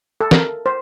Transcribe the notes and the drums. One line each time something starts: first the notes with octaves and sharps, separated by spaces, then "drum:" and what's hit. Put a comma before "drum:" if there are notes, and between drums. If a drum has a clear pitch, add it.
A4
A#4, drum: snare
C5